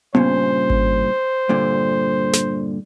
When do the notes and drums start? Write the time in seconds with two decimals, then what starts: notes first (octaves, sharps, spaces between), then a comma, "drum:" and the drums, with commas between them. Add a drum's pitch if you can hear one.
0.15 G2 A#2 C#3 C5, drum: tom B3
0.70 drum: kick G#1
1.49 G2 A#2 D3
2.33 drum: snare